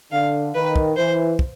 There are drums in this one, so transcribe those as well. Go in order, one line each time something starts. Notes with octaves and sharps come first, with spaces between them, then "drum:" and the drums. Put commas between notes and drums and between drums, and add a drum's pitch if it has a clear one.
D3 F5
D#3 B4
drum: kick
E3 C5
drum: kick